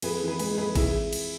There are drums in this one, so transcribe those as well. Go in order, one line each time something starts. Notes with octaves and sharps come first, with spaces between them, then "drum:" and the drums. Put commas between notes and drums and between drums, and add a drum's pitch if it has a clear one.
F2 G#4 B4, drum: cymbal
E3
G#4 B4
G#3 G#4 B4, drum: cymbal
F2 G#4 B4
E3 E4 G#4, drum: kick, cymbal
drum: cymbal